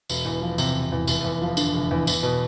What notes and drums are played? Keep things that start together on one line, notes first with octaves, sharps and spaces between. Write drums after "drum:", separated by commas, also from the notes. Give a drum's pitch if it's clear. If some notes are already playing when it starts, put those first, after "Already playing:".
E1, drum: tambourine
E2
F3
C3, drum: tambourine
E1
E2
F1, drum: tambourine
E2
F3
D3, drum: tambourine
F1
E2
E2, drum: tambourine
B2